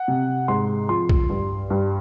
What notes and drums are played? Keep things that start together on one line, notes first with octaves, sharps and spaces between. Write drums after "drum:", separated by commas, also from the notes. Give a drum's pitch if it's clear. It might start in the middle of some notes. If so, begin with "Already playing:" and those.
Already playing: F#5
C3
G#2 C6
F3 C6
drum: kick
G2
G2